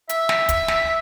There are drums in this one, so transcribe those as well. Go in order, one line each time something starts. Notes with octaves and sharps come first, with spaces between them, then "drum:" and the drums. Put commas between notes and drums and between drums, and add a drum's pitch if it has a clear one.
E5, drum: hi-hat
drum: snare
drum: kick, hi-hat
drum: snare